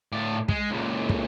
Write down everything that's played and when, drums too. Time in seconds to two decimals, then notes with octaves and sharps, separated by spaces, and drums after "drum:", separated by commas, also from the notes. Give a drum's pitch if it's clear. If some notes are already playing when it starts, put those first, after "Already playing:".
0.12 A2 D5
0.48 G#3, drum: kick
0.71 C#2 A#2
1.09 drum: kick